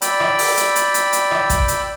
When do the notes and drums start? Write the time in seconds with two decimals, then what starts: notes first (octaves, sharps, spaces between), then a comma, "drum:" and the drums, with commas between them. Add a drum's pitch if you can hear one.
0.02 D5 G5 B5 E6, drum: hi-hat
0.20 drum: rim click
0.39 drum: open hi-hat
0.57 drum: hi-hat
0.76 drum: hi-hat
0.94 drum: hi-hat
1.13 drum: hi-hat
1.31 drum: rim click
1.50 drum: kick, hi-hat
1.68 drum: hi-hat